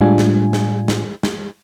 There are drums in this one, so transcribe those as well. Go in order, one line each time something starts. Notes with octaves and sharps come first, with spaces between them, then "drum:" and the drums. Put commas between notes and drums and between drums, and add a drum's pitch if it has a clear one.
A2 G3 G#3 D4 F4 G#5
drum: snare
drum: snare
drum: snare
drum: snare